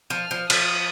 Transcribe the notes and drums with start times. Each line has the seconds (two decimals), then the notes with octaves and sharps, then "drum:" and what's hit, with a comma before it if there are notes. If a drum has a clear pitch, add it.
0.10 F3
0.20 F6
0.31 F3
0.50 F3 D#6, drum: cymbal